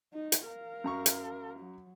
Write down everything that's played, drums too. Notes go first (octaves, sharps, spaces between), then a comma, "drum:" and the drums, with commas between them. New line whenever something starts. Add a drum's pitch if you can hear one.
D#4
drum: hi-hat
A#4 F5
F#2 A#5 C#6
drum: hi-hat
F#3